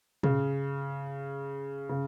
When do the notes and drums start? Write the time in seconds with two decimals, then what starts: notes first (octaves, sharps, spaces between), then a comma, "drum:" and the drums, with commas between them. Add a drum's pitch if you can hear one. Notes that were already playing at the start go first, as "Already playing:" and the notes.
0.23 C#3, drum: tom
1.89 C#3